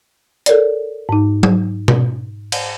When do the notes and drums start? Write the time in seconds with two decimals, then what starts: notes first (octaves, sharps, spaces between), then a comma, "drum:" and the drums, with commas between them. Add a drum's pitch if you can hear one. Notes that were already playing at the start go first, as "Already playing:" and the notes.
0.46 A4 A#4 C#5 D5, drum: hi-hat
1.09 G#2 D#4
1.43 drum: tom F#3
1.88 drum: tom B2
2.52 drum: cymbal